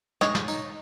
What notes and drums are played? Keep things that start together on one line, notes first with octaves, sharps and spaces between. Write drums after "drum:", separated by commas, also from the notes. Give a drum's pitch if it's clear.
G#3 C#5 D#5, drum: snare
drum: snare
D#4, drum: tambourine